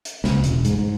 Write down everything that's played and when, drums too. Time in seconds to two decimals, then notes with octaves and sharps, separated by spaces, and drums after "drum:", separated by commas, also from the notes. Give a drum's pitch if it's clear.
0.05 drum: hi-hat
0.24 C#2, drum: snare
0.44 E1, drum: hi-hat
0.65 G#2, drum: hi-hat
0.78 G#2